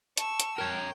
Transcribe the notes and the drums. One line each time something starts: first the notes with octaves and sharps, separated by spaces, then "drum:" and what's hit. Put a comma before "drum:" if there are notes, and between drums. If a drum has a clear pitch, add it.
A5 C#6 E6, drum: hi-hat
drum: hi-hat
A#4 C#5 G5